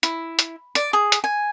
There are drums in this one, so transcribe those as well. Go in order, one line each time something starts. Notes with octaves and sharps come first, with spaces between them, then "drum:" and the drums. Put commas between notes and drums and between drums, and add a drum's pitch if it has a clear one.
E4, drum: hi-hat
drum: hi-hat
D5, drum: hi-hat
G#4
drum: hi-hat
G#5